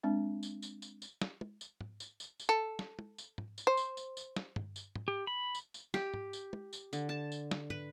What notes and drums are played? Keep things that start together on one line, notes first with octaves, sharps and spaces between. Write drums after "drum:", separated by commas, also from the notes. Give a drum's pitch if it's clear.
G#3 C4 D4
drum: tambourine
drum: tambourine
drum: tambourine
drum: tambourine
drum: snare
drum: tom
drum: tambourine
drum: tom
drum: tambourine
drum: tambourine
drum: tambourine
A4
drum: snare
drum: tom
drum: tambourine
drum: tom
drum: tambourine
C5
drum: tambourine
drum: tambourine
drum: tambourine
drum: snare
drum: tom
drum: tambourine
drum: tom
G4
B5
drum: tambourine
drum: tambourine
G4, drum: snare
drum: tom
drum: tambourine
drum: tom
drum: tambourine
D3, drum: tambourine
A5
drum: tambourine
drum: snare
B4, drum: tom